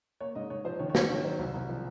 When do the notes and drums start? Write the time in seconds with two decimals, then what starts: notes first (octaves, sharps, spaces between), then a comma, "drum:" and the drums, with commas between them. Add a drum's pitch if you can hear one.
0.20 A#3 C#5
0.35 G#2 D#5
0.50 G#2 C#5
0.65 F3 C5
0.79 D#3 C#5
0.90 C#5
0.95 G#2 C5, drum: snare
1.09 D#3 C#5
1.24 F#3 C5
1.39 C2
1.54 C2
1.69 F3